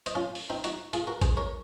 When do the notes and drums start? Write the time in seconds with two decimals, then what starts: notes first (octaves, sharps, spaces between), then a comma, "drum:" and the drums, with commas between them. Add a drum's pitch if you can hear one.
0.06 C5 D#5, drum: hi-hat
0.15 C#4 F4
0.35 drum: open hi-hat
0.50 C4 D#4
0.64 D#4 F#4, drum: hi-hat
0.93 F4 G#4, drum: hi-hat
1.07 F#4 A#4
1.21 G#4 C5, drum: kick A1, hi-hat
1.37 A#4 C#5